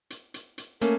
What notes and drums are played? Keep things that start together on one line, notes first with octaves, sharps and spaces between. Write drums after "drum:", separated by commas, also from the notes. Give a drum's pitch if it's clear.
drum: hi-hat
drum: hi-hat
drum: hi-hat
A3 A#3 C#4 A#4, drum: hi-hat